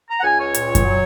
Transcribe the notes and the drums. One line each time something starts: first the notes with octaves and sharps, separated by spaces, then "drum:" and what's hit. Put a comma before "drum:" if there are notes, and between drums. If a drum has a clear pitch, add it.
A#5
F#5
C#2 G#5
C#5
A#2, drum: hi-hat
drum: kick F#2, hi-hat
F#3